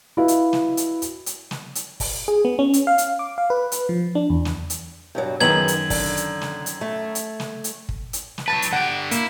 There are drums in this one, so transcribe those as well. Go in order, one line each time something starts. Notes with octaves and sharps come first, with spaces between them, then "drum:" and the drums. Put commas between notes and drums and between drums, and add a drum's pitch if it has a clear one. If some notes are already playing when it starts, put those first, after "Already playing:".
E4 F#4 B4 D#5 F5
drum: hi-hat
drum: snare
drum: hi-hat
drum: hi-hat
drum: hi-hat
drum: snare
drum: hi-hat
drum: kick, open hi-hat
G#4
B3
C#4
drum: hi-hat
F5
drum: hi-hat
D6
F5
B4
drum: hi-hat
F3
D4
E2
drum: snare
drum: hi-hat
G2 B2 F#3
F#2 D#3 B3 D#4 G#4 G#6 F#7, drum: snare
drum: hi-hat
D3, drum: kick, open hi-hat
drum: hi-hat
drum: snare
drum: hi-hat
A3
drum: hi-hat
drum: snare
drum: hi-hat
drum: kick
drum: hi-hat
drum: snare
F#3 B4 A5 A6
drum: hi-hat
D3 G4 F#5
A#3 E4, drum: hi-hat